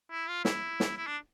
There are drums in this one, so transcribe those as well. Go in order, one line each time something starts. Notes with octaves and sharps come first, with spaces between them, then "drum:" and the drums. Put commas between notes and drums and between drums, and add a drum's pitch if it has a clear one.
E4
F4
E4, drum: snare
drum: snare
E4
D4